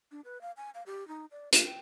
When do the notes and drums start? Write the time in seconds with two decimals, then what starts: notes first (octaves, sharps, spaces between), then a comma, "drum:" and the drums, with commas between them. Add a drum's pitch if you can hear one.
0.12 D4
0.25 B4
0.41 F5
0.57 G#5
0.74 F5
0.86 G4
1.08 D#4
1.31 D5
1.52 A#3, drum: hi-hat
1.65 G5